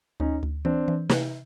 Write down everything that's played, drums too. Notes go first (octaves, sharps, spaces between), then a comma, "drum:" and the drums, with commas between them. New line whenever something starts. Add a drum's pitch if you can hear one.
D2 C#4 D#4
D2
E3 C4 D4
E3
C3, drum: snare